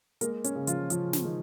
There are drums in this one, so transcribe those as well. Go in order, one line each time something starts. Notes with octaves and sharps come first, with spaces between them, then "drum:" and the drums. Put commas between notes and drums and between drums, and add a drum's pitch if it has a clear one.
G#3 A#3 A#4, drum: hi-hat
C#4, drum: hi-hat
C#3
F3 F4, drum: hi-hat
C#3 F3 F4, drum: hi-hat
drum: snare
D#3 G#3 D#4